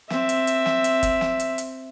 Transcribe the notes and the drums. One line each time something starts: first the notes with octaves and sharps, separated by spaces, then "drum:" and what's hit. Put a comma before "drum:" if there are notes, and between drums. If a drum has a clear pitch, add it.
C4 E5, drum: snare
drum: hi-hat
drum: hi-hat
drum: snare
drum: hi-hat
drum: kick, hi-hat
drum: snare
drum: hi-hat
drum: hi-hat